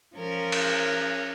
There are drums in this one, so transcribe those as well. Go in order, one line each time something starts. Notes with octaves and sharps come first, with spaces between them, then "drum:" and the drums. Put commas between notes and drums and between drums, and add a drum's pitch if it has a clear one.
F3 C#4 A#4
drum: cymbal